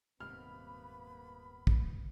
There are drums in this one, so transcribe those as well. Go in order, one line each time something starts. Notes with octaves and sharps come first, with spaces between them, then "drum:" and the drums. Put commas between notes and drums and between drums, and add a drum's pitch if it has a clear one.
D#1 G#2 C3 A#3 B3 B5 F6
drum: kick